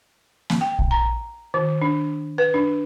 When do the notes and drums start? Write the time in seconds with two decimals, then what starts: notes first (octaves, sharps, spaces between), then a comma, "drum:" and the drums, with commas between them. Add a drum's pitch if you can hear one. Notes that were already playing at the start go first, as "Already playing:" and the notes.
0.50 drum: snare A#3
0.61 G5
0.79 drum: kick A#1
0.91 A#5
1.54 D#3
1.82 D4
2.38 B4
2.54 D4